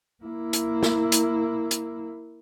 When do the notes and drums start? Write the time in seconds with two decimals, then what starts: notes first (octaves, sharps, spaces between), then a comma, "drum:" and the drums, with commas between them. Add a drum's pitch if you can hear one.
0.24 A#3 E4
0.53 drum: hi-hat
0.83 drum: snare
1.12 drum: hi-hat
1.71 drum: hi-hat